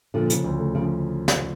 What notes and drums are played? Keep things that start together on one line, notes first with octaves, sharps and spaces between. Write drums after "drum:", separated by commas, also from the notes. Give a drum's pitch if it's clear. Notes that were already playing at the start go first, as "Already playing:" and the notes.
A#2 D3 F3
C#3, drum: hi-hat
D2
A3
C#3 F3
drum: snare